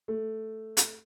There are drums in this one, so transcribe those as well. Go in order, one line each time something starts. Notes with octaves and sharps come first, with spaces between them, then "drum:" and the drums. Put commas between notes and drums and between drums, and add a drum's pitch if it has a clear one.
A3
drum: hi-hat